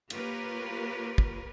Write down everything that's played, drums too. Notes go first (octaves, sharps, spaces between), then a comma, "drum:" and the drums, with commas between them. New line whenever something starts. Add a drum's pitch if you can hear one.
A#3 F4 G4 A#4 B4 C#5, drum: cymbal
drum: kick